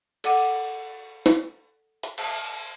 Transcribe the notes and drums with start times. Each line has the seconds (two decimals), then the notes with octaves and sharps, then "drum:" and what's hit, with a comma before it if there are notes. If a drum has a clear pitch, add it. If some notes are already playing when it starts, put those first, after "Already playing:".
0.24 A4 D5 F#5 D6 D#7, drum: cymbal
1.26 drum: snare
2.03 drum: hi-hat
2.18 drum: cymbal